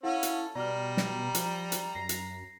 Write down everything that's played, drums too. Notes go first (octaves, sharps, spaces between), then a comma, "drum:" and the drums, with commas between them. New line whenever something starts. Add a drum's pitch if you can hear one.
C#4 E4 A4 F5 F#5
drum: hi-hat
B2 G3 D5 A#5 F6
drum: snare
F3, drum: hi-hat
drum: hi-hat
F#2 A#6 C7
drum: hi-hat